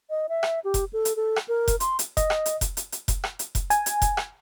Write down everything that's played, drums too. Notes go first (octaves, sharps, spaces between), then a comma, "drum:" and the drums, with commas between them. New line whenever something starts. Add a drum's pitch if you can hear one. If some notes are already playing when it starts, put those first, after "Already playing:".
D#5
E5
drum: rim click
G4
drum: kick F1, hi-hat
A4
drum: hi-hat
A4
drum: rim click
A#4
drum: kick F1, hi-hat
C6, drum: hi-hat
drum: hi-hat
D#5, drum: kick F1, hi-hat
drum: rim click
drum: hi-hat
drum: kick F1, hi-hat
drum: hi-hat
drum: hi-hat
drum: kick F1, hi-hat
drum: rim click
drum: hi-hat
drum: kick F1, hi-hat
G#5, drum: hi-hat
drum: hi-hat
drum: kick F1, hi-hat
drum: rim click